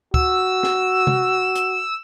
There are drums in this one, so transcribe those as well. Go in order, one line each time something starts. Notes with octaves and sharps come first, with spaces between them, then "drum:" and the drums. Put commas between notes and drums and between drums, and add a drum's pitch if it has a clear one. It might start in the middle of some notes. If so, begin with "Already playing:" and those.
F#4 E6, drum: kick
drum: snare
drum: tom
drum: hi-hat